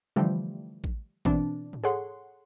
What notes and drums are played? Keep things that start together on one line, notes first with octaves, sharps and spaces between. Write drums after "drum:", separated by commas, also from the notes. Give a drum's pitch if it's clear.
D3 E3 F3 G3 A3
drum: kick A1
B2 E3 C4 D4, drum: kick A1
drum: tom G#2
G#4 A4 C#5 F#5 C6